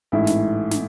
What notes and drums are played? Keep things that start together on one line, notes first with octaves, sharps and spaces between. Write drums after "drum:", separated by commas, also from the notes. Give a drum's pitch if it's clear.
A1 G#2 E3 A3 E4
drum: snare
drum: snare